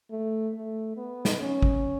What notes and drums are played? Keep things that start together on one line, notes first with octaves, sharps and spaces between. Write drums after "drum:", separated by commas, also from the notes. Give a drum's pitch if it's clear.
A3
A3
B3
drum: snare
C#4
drum: kick G#1